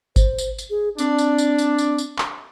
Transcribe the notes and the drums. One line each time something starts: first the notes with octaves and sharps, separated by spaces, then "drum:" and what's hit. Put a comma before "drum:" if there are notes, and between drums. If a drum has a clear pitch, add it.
C5, drum: kick G1, tambourine
drum: tambourine
drum: tambourine
G#4
C4 D4, drum: tambourine
drum: tambourine
drum: tambourine
drum: tambourine
drum: tambourine
drum: tambourine
drum: clap